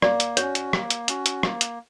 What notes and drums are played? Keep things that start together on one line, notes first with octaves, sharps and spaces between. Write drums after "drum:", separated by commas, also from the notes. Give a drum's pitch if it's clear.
A#3 D5, drum: rim click
drum: hi-hat
C#4 F#4 C#5, drum: hi-hat
drum: hi-hat
A#3, drum: rim click
drum: hi-hat
C#4 F#4, drum: hi-hat
drum: hi-hat
A#3, drum: rim click
drum: hi-hat